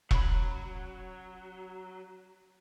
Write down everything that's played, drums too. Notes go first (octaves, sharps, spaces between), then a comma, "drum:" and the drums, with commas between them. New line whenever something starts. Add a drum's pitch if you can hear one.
F#3 C#4 B5, drum: kick E1